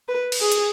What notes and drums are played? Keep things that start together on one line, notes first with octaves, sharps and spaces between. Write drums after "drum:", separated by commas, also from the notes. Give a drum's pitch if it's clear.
B4
drum: cymbal
G#4
drum: hi-hat